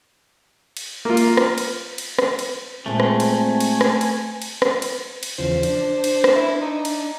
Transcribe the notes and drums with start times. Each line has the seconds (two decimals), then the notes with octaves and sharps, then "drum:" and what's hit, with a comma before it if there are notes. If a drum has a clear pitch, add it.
0.77 drum: cymbal
1.05 A#3 F4
1.17 drum: cymbal
1.37 drum: rim click
1.58 drum: cymbal
1.98 drum: cymbal
2.19 drum: rim click
2.39 drum: cymbal
2.86 A#2 G#3 A3 C4 G#5
3.00 drum: rim click
3.20 drum: cymbal
3.60 drum: cymbal
3.81 drum: rim click
4.01 drum: cymbal
4.42 drum: cymbal
4.62 drum: rim click
4.82 drum: cymbal
5.23 drum: cymbal
5.39 E2 C#3 F3 C5
5.63 D4, drum: cymbal
6.04 drum: cymbal
6.24 drum: rim click
6.36 E4
6.62 D#4
6.85 drum: cymbal